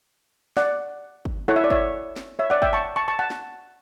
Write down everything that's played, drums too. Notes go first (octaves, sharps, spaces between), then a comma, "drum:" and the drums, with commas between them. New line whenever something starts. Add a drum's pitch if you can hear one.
D5 F#5, drum: snare
drum: kick
E4 A4 C#5 F#5
E5
D5
C#5 E5, drum: kick
drum: snare
C#5 E5
D5 F#5
E5 G5, drum: kick
A5 C#6
A5 C#6
A5 C#6
F#5 A5
drum: snare